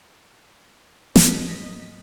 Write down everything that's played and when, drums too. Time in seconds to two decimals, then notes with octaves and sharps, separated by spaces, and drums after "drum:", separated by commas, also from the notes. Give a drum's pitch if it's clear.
1.16 G#2 F#3 A#3 D#5 B6, drum: snare